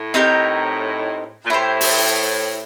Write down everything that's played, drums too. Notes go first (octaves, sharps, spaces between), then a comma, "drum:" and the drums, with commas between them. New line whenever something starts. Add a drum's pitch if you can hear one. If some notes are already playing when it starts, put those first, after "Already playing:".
Already playing: A2
C4 D#4 G4 A#4
A#2
A2 E4 G4 C5
drum: open hi-hat